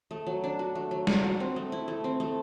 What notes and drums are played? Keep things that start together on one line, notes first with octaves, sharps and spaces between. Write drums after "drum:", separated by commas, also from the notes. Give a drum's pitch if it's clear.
A3
F#3
D4
F#4
A3
F#3
D4, drum: snare
F#4
C4
A3
E4
A3
C4
A3